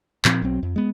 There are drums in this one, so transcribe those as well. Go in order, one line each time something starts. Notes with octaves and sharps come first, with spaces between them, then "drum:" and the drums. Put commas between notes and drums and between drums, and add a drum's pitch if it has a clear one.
A#2 F3 C4, drum: clap
B1 F#3 C4
F2
G#3 B3